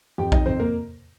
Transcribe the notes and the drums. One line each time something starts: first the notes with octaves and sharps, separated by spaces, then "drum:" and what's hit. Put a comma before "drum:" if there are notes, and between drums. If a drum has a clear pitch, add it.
F2 G4 G5
D#4 D#5, drum: kick A#1
F2 C4 C5
A#3 A#4